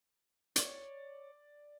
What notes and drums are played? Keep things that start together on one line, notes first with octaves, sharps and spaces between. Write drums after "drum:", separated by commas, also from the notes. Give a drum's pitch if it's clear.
C#5 D5, drum: hi-hat